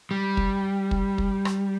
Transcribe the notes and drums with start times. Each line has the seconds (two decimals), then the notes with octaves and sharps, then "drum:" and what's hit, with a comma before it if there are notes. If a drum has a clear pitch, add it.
0.11 G3
0.37 drum: kick
0.91 drum: kick
1.18 drum: kick
1.45 drum: rim click